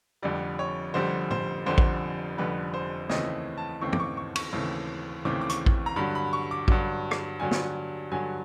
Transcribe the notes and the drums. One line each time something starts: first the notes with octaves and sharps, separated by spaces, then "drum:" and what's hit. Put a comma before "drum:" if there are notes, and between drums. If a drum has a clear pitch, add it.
F1 F2 D3 G3 D5
C#5
F1 F2 D3 G3 C5
C5, drum: tom A2
F1 F2 D3 G3 C5
drum: kick A1
F1 F2 D3 G3 B4
C5
D#2 C#3 E3 A3 C4 D#5, drum: snare
A5
D#2 C#3 E3 A3 C4 C#6
D6, drum: tom
C#6
C#6
C#6, drum: cymbal
D#2 C#3 E3 A3 C4
D#2 C#3 E3 A3 C4 D6
D6
C#6, drum: hi-hat
drum: kick A1
A#5
G2 D3 F#3 B5
B5
C#6
D6
G2 D3 F#3, drum: kick A1
drum: rim click
G2 D3 F#3 G#5
drum: snare
G2 D3 F#3 G#5